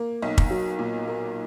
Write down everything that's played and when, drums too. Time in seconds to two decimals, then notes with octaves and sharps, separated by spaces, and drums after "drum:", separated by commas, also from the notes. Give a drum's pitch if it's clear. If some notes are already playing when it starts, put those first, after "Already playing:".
Already playing: A#3
0.22 B1 D#4
0.38 drum: kick
0.51 F#3
0.79 A#2
1.08 A#3